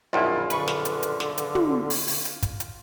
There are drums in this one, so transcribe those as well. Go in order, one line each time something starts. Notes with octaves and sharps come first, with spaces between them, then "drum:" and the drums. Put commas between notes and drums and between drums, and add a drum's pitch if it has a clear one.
A#1 F#2 B2 D#3 E4 F4
D3 B4 C#6, drum: hi-hat
drum: snare
drum: hi-hat
drum: hi-hat
drum: snare
drum: hi-hat
drum: tom
drum: open hi-hat
drum: open hi-hat
drum: hi-hat
drum: kick, hi-hat
drum: hi-hat